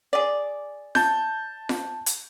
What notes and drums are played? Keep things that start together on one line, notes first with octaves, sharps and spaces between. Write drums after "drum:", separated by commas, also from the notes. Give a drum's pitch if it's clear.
G#4 D5
A5 G6, drum: snare F4
drum: snare F4
drum: hi-hat